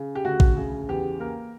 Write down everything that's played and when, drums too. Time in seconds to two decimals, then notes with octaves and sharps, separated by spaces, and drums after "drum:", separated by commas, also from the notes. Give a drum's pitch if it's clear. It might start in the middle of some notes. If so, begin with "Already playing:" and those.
Already playing: C#3
0.15 G4
0.24 D2 F#4
0.40 drum: kick A1
0.56 C#3
0.89 E2 G4
1.20 A#3 A#4